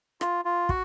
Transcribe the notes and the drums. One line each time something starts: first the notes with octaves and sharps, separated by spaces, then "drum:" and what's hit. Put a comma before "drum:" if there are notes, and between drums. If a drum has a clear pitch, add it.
F4, drum: rim click
F4
F#4, drum: kick